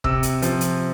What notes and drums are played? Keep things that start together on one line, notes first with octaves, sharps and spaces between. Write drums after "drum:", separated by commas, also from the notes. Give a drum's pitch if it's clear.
C3 E6, drum: kick
drum: hi-hat
F3, drum: hi-hat
drum: hi-hat